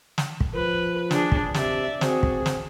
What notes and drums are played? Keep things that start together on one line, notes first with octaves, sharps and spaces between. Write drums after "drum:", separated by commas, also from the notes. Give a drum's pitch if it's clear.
drum: snare
drum: kick
F3 B4
D4 G#4, drum: snare
drum: kick
C3 D5 E5, drum: snare
C4 F#4 G#4, drum: snare
drum: kick
drum: snare